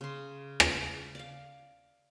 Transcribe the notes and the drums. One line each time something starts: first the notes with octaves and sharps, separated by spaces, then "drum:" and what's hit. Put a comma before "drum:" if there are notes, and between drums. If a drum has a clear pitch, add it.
C#3 C6
drum: rim click
D5 F5